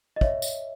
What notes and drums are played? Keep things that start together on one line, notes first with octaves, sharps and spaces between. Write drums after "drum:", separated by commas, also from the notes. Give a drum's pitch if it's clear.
D#5
C#5 E5, drum: kick
drum: tambourine